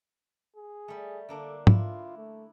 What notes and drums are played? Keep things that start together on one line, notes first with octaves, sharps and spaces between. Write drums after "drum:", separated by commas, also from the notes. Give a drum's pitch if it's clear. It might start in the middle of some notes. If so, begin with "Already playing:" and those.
G#4
G3 A3
D3 A#3 D4 A4
E4 F4, drum: tom
A3